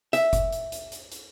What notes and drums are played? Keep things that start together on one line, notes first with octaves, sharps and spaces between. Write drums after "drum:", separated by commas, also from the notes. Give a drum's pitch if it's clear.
E5, drum: hi-hat
drum: kick F#1, hi-hat
drum: hi-hat
drum: hi-hat
drum: hi-hat
drum: hi-hat